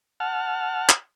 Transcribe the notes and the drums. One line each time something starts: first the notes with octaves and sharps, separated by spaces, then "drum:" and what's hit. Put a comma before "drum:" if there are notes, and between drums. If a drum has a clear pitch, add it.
F#5 A5 F6
drum: clap